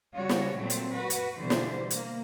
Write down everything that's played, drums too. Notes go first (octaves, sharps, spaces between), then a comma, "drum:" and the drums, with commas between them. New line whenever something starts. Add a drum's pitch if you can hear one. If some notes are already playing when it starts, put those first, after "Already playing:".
C#3 G3 F#4 C#5
drum: snare
A#2 F#3 A3 C4
drum: hi-hat
F#4 B4
drum: hi-hat
B2 D3 E3 G3 C5
drum: snare
A#3, drum: hi-hat